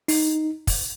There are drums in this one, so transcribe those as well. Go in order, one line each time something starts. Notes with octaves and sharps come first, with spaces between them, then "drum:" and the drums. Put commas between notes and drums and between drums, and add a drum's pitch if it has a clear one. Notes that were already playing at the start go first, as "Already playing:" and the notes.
D#4, drum: open hi-hat
drum: kick, open hi-hat